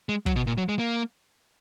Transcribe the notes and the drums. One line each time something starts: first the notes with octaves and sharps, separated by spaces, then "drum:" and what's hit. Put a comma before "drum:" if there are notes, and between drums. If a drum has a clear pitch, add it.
G#3
F#3, drum: kick
B2
A#2
F#3
G#3
A#3